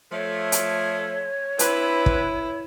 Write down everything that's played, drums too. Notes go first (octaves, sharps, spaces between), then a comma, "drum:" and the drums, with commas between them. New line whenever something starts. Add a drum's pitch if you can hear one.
F3 A3 C#5
drum: hi-hat
C4 D4 E4 B4, drum: hi-hat
drum: kick